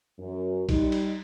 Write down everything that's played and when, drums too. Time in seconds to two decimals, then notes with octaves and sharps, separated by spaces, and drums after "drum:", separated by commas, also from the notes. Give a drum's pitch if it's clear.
0.19 F#2
0.69 G3 D#4, drum: kick A#1, cymbal
0.92 drum: cymbal